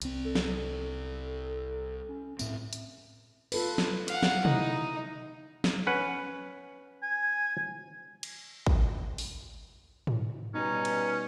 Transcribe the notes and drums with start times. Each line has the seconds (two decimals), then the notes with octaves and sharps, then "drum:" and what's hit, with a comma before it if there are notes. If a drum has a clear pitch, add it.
0.02 C2 C4, drum: hi-hat
0.25 A4
0.35 drum: snare
2.08 C#4
2.39 A2 C4 E5, drum: tambourine
2.73 drum: hi-hat
3.52 F4 A4 B4, drum: cymbal
3.78 drum: snare
4.08 F5 F#5, drum: hi-hat
4.23 drum: snare
4.45 D#4 E4, drum: tom
5.64 drum: snare
5.87 C#4 B4 F#5
7.03 G#5
8.23 drum: cymbal
8.66 drum: kick
9.18 drum: open hi-hat
10.07 drum: tom G#2
10.55 B2 G3 C#4 D#4
10.85 drum: cymbal